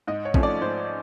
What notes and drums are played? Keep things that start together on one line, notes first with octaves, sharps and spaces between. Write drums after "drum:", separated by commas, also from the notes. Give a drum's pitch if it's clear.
G#2 D#5
C#5
F3 A3 C#4, drum: kick
D5
G#2 C5